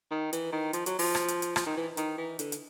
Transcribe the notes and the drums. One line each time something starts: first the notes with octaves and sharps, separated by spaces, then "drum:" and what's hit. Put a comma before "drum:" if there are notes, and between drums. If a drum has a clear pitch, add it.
D#3
E3, drum: hi-hat
D#3
F3, drum: hi-hat
F#3, drum: hi-hat
F3, drum: open hi-hat
drum: rim click
drum: hi-hat
drum: hi-hat
F3, drum: rim click
D#3
E3
D#3, drum: hi-hat
E3
D3, drum: hi-hat
drum: hi-hat